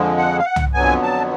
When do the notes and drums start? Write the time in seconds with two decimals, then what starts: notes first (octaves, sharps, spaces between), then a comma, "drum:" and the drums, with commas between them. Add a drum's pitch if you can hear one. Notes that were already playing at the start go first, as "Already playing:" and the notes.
Already playing: F2 D3 F3 G#3
0.17 F#5
0.39 F5
0.45 F#5
0.56 drum: tom
0.74 F2 D3 F#3 B3 G#5
1.03 A5